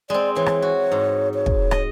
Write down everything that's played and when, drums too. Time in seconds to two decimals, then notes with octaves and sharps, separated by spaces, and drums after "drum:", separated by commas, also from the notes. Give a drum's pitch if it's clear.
0.10 G#3 C4 D5
0.36 E3 C#5
0.46 drum: rim click
0.62 F#4
0.91 G#2
1.34 C#5
1.46 drum: kick
1.71 D#5, drum: rim click